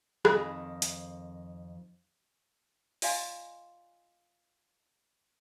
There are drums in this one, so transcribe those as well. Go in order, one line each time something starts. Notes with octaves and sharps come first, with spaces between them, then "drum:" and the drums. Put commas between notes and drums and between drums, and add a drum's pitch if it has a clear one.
F2 D#3 G#5 B5, drum: rim click
drum: hi-hat
F4 D5 D#5 F5 G#5 C6, drum: open hi-hat